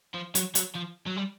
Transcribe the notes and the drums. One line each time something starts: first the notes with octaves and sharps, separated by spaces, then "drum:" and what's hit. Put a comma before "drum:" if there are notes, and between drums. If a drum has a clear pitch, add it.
F3
F#3, drum: hi-hat
F#3, drum: hi-hat
F3
F#3
G3